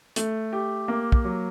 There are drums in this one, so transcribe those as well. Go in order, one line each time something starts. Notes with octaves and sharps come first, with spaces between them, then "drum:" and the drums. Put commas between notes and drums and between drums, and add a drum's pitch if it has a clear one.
A3, drum: hi-hat
G4
A#3
drum: kick
F#3